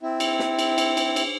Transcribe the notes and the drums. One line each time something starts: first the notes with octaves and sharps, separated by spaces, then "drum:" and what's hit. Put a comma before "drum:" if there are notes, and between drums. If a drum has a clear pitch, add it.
C4 E4
drum: cymbal
drum: snare
drum: cymbal
drum: cymbal
drum: cymbal
drum: cymbal